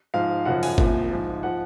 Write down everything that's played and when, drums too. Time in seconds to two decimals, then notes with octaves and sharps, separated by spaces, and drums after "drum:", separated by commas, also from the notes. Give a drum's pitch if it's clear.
0.14 G#2 F3 F5
0.45 F#2 C#3 F3 F#5
0.63 G#5, drum: open hi-hat
0.78 C2 A#2 F3, drum: kick
1.11 G#2 F3
1.43 F3 F#5